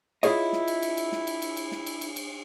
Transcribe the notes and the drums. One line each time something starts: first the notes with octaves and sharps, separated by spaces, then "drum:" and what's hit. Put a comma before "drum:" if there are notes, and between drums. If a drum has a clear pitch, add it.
E4 F4 G#4 C#5 D#5, drum: cymbal
drum: snare
drum: cymbal
drum: cymbal
drum: cymbal
drum: snare
drum: cymbal
drum: cymbal
drum: cymbal
drum: snare
drum: cymbal
drum: cymbal
drum: cymbal